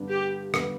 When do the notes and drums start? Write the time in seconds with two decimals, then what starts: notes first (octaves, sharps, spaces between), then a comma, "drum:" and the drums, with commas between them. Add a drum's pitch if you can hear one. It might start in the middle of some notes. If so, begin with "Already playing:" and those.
Already playing: G2 D3 G3 B3
0.09 G4
0.54 D3 G3 B3, drum: rim click